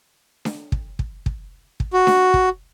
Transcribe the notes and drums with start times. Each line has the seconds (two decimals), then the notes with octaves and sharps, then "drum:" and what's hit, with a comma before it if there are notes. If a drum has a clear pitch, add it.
0.45 drum: snare D4
0.72 drum: kick
0.99 drum: kick
1.26 drum: kick
1.80 drum: kick
1.93 F#4
2.07 drum: snare D4
2.34 drum: kick